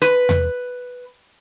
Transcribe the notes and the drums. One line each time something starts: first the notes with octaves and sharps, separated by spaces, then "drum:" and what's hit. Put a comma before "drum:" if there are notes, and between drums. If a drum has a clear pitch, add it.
B4, drum: hi-hat
drum: tom E2